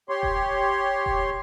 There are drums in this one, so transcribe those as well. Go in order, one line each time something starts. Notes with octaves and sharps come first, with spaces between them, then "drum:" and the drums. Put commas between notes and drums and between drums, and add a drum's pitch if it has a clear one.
G4 C#5 C6
drum: kick E1
drum: kick E1